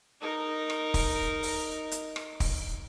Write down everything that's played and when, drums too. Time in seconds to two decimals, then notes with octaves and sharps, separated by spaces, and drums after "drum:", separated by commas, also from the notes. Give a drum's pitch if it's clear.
0.21 D#4 A#4
0.70 drum: rim click
0.94 drum: kick, open hi-hat
1.43 drum: open hi-hat
1.91 drum: hi-hat
2.16 drum: rim click
2.40 drum: kick, open hi-hat